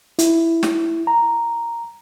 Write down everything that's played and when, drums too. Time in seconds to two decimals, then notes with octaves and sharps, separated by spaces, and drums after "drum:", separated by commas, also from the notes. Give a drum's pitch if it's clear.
0.19 E4, drum: hi-hat
0.63 drum: snare
1.07 A#5